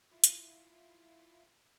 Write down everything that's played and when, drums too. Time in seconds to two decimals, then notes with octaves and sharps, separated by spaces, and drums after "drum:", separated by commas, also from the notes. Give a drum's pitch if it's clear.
0.12 E4 F4
0.24 drum: hi-hat